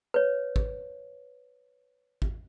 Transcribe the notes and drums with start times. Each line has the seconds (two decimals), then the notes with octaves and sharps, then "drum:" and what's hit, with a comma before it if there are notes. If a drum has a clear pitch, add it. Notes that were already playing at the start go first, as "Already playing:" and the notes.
0.14 B4 C#5
0.56 drum: kick
2.22 drum: kick